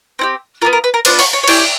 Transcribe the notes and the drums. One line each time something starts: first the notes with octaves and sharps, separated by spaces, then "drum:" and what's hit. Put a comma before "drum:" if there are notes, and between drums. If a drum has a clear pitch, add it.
C4 E4 G4
B3 D4 F4 A#4
A#4
B4
A#4
B3 D4 F4 C5, drum: cymbal
C#5, drum: open hi-hat
C#5
C#5
C#4 E4 G4 D5, drum: cymbal